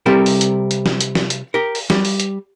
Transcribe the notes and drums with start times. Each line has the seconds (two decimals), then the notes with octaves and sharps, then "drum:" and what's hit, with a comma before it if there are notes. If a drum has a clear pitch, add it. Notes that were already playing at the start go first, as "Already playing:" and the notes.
0.06 C3 G3 C4 A4 A#4
0.26 drum: open hi-hat
0.41 drum: hi-hat
0.71 drum: hi-hat
0.86 drum: snare
1.01 drum: hi-hat
1.15 drum: snare
1.30 drum: hi-hat
1.54 G4 A#4
1.75 drum: open hi-hat
1.90 G3, drum: snare
2.05 drum: open hi-hat
2.20 drum: hi-hat